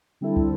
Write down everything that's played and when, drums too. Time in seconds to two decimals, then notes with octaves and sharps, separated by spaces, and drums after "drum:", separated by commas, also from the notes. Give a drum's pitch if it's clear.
0.21 D3 G3 C4 E4 A4
0.37 drum: kick